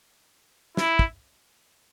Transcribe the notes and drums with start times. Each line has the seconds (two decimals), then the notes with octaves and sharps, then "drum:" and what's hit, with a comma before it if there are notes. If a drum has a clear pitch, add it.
0.77 E4, drum: snare
0.99 drum: kick